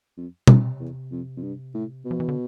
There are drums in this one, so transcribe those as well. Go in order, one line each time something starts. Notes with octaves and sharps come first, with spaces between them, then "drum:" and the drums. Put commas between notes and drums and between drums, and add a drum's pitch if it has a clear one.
F2
G2 C3, drum: tom
E2
F2
F2
G2
A2
B2
F3
E3
D3